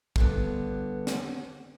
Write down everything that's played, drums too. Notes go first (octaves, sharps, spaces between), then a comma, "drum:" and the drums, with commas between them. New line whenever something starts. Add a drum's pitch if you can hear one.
G2 D3 B3, drum: kick
drum: snare